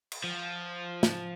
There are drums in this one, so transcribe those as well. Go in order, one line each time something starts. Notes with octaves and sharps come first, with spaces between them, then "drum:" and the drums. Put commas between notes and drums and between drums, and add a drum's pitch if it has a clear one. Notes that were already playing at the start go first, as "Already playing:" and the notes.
drum: cymbal
F3
drum: snare